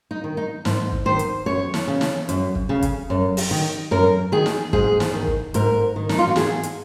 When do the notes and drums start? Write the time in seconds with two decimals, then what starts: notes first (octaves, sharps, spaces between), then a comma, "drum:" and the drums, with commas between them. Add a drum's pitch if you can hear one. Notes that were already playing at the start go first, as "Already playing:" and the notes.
0.11 D#4
0.24 D#3
0.37 D#4
0.65 G#2, drum: snare
0.92 drum: kick
1.05 D#3 C5
1.19 drum: hi-hat
1.46 F#2 C#5
1.74 drum: snare
1.87 C#3
2.01 drum: snare
2.29 F#2, drum: hi-hat
2.55 drum: kick
2.69 C#3
2.82 drum: kick, hi-hat
3.10 F#2
3.37 drum: open hi-hat
3.51 D#3
3.91 F#2 A#4
4.32 D#3 G#4
4.46 drum: snare
4.73 G#2 G#4, drum: kick
5.00 drum: snare
5.14 D#3
5.27 drum: kick
5.54 G#2 A#4, drum: hi-hat
5.96 D#3
6.09 D#4, drum: snare
6.18 F4
6.28 F#4
6.36 G#2 G#4, drum: snare
6.63 drum: hi-hat